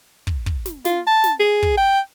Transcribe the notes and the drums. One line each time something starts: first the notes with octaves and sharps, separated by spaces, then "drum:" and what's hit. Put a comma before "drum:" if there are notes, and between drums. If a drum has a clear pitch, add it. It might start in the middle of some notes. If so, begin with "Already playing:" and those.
drum: kick
drum: kick
drum: snare
F4, drum: snare
A5
drum: snare
G#4
drum: kick
G5